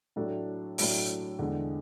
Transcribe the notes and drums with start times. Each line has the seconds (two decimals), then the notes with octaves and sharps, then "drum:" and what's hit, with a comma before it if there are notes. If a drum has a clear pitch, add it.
0.16 A2 F#3 A3 D4 A4
0.78 A2 F#3 A3 D4 A4, drum: open hi-hat
1.38 E2 D3 G#3 D4 G#4